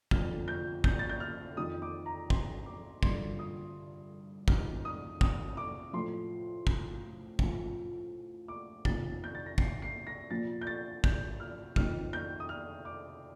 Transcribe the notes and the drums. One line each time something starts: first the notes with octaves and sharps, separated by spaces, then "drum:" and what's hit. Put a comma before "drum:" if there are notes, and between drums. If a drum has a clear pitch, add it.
F2 D3 F3 F6, drum: kick
G6
G6, drum: kick
A6
G6
F6
F2 D#3 D#6
D6
A#5
C6, drum: kick
D6
G2 D3 F3 C6, drum: kick
D#6
F2 D#3 F6, drum: kick
D#6
D#6, drum: kick
D6
A2 F3 C6
drum: kick
A2 F3, drum: kick
D6
F2 C3 D#3 A6, drum: kick
G6
A6
A#6
C7, drum: kick
C7
A#6
A#2 F3 A6
G6
A6
G6, drum: kick
F6
F2 D#3 F6, drum: kick
G6
D#6
F6
D6